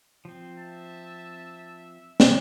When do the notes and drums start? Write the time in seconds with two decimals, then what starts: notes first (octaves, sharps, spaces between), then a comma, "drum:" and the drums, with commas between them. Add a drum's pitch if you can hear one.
0.25 F3 C4
0.58 E5 A5
2.20 drum: snare